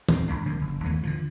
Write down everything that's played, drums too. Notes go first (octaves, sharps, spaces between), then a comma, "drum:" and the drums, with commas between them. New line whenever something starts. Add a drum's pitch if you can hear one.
E1 E2 C4, drum: tom
G#1 F#2 G#3 D4
C2 D3 F3 A#3
F#1
D#2 E3 A3 B3
D3 D#3 F3